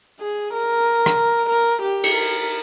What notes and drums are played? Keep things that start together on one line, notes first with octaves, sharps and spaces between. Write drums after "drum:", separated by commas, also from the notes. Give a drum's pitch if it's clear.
G#4
A#4
drum: rim click
A#4
G4
drum: cymbal
A#4